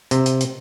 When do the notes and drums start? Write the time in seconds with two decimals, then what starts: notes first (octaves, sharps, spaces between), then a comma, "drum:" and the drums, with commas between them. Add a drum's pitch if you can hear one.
0.11 C3, drum: hi-hat
0.26 drum: hi-hat
0.41 drum: hi-hat